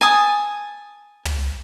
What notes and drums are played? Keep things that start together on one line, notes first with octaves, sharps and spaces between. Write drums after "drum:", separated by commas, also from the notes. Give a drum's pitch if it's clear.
G#5 A5 D#6
drum: tom